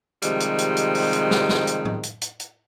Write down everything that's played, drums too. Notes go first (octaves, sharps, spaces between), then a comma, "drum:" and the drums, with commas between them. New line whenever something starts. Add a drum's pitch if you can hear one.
C3 D#3 F3 G3 G#3, drum: hi-hat
drum: hi-hat
drum: hi-hat
drum: hi-hat
drum: open hi-hat
drum: hi-hat
drum: snare
drum: snare
drum: hi-hat
drum: tom A2
drum: hi-hat
drum: hi-hat
drum: hi-hat